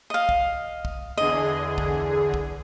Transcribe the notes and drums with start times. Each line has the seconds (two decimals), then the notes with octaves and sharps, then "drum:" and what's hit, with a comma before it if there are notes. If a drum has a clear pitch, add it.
0.10 D#5 F5
0.29 drum: kick
0.85 drum: kick
1.17 E2 D3 G#4 D#5
1.78 drum: kick
2.34 drum: kick